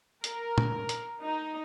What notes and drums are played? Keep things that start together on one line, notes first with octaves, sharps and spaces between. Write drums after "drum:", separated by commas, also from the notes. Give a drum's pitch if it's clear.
A#4, drum: hi-hat
drum: tom
drum: hi-hat
D#4